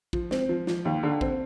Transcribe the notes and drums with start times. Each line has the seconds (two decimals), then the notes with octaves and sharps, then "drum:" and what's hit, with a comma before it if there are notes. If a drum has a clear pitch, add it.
0.13 F3, drum: kick
0.31 C4, drum: snare
0.49 F3
0.67 F3, drum: snare
0.85 D#2
1.03 D3
1.21 C4, drum: kick